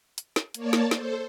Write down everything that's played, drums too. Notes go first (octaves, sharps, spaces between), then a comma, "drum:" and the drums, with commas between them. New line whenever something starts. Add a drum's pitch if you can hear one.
drum: hi-hat
drum: snare
A#3 C#5 D5 A5, drum: hi-hat
drum: snare
A4 C5, drum: snare